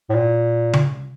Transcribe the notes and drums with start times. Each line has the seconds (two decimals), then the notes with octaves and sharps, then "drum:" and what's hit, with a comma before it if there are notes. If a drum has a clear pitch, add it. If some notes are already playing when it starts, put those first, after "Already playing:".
0.09 A2
0.14 A#2
0.73 drum: tom C#3